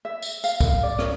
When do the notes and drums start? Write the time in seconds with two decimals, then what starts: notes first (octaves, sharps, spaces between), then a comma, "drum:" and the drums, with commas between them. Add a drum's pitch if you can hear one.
0.05 E5
0.22 drum: tambourine
0.44 F5, drum: tambourine
0.60 drum: kick, tambourine
0.83 D5
0.99 C#4, drum: rim click